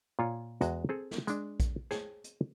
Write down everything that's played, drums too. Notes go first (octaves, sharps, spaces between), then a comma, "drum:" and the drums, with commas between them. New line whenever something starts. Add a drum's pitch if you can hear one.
A#2 F4 C#5
E2 G#3 F#4 D#5, drum: hi-hat
C4 G#4 A4
drum: snare
G#3 D4, drum: hi-hat
drum: kick A#1, hi-hat
G#4 C5 C#5 G5 A5, drum: snare
drum: hi-hat